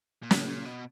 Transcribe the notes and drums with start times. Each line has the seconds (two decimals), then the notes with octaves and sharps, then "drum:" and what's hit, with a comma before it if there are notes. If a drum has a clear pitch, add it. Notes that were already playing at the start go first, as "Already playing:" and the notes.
0.23 A#2
0.31 A2 C#3 F#3 A#3, drum: snare
0.49 A#2
0.65 B2